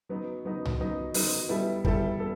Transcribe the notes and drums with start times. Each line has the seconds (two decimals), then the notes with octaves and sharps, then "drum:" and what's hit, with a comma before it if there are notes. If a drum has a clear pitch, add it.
0.09 F#3 B3 D#4
0.45 F#3 B3 D#4
0.65 drum: tom C2
0.80 F#3 B3 D#4
1.14 F#3 B3 D#4, drum: open hi-hat
1.49 G3 B3 E4 A4
1.85 G3 B3 E4 A4, drum: kick
2.20 G3 B3 A4